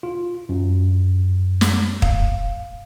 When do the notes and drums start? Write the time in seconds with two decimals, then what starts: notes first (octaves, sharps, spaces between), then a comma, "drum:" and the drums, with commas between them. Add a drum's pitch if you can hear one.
0.03 F4
0.49 F#2
1.61 drum: snare
2.02 F5, drum: kick